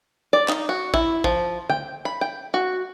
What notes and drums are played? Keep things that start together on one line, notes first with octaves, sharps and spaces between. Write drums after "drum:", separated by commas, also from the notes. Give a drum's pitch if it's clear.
D5
D#4, drum: clap
F#4
E4, drum: kick
F3, drum: kick
G5, drum: tom D3
B5
G5
F#4